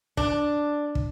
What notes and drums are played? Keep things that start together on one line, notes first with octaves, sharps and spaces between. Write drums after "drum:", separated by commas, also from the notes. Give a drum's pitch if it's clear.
D4, drum: kick
drum: kick